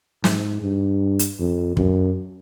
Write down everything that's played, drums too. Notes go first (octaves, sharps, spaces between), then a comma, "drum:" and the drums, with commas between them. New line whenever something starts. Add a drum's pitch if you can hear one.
G#2, drum: snare
G2
drum: hi-hat
F2
F#2, drum: kick